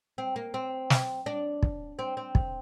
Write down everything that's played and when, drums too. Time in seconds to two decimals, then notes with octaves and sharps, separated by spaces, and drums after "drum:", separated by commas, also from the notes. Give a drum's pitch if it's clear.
0.18 C4
0.36 A#3
0.54 C4
0.90 drum: snare
1.26 D4
1.63 drum: kick
1.99 C4
2.17 C4
2.35 drum: kick